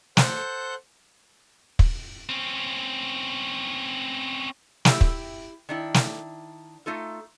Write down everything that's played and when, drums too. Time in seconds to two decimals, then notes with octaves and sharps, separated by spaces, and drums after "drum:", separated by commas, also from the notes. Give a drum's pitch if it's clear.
0.17 A4 C5 F#5 F#6 G6, drum: snare
1.79 drum: kick
2.29 C4 C#4
4.85 E4 G4 E5, drum: snare
5.01 drum: kick
5.69 D#3 D4 E4
5.94 drum: snare
6.86 A3 D#4 F4 A4